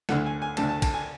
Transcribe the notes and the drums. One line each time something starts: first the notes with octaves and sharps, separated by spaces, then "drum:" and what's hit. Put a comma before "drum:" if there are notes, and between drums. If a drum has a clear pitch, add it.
D2 D3 A3 F#5, drum: snare
G#5
G#5
D2 D3 A3 A5, drum: cymbal
A5
A5, drum: kick, cymbal
G#5